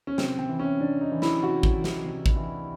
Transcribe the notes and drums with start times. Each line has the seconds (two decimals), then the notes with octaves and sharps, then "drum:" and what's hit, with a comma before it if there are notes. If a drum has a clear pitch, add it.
0.07 C#4
0.18 C3 C4, drum: snare
0.39 C4
0.49 E3
0.59 C#4
0.80 C3 D4
1.01 D#4
1.12 E3
1.22 E4, drum: snare
1.43 C3 F#4
1.63 drum: kick
1.74 E3
1.84 drum: snare
2.05 C3
2.26 drum: kick
2.36 E3